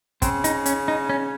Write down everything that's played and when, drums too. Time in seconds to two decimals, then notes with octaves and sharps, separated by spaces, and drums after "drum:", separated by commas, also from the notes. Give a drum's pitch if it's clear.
0.22 C#3 C4, drum: kick, hi-hat
0.44 D#4, drum: hi-hat
0.66 C#4, drum: hi-hat
0.88 D#4
1.09 C#4